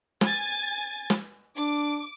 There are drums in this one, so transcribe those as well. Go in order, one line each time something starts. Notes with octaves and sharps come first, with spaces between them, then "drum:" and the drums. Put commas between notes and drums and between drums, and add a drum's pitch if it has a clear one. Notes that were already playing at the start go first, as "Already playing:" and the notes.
G#5 A6, drum: snare
drum: snare
D4 D6